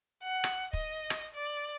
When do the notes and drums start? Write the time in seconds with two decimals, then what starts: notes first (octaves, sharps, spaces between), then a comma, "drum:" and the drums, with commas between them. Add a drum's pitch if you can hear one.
0.23 F#5
0.44 drum: rim click
0.73 D#5, drum: kick
1.10 drum: rim click
1.34 D5